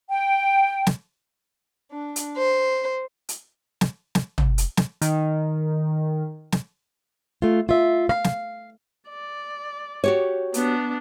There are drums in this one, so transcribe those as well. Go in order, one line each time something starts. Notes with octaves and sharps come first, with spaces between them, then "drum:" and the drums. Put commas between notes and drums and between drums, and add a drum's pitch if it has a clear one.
G5
drum: snare
D4
drum: hi-hat
C5
drum: hi-hat
drum: snare
drum: snare
drum: tom
drum: hi-hat
drum: snare
D#3, drum: hi-hat
drum: snare
A3 F4
F4 E5
F5, drum: rim click
drum: snare
D5
F#4 G4 C#5
B3 D4, drum: hi-hat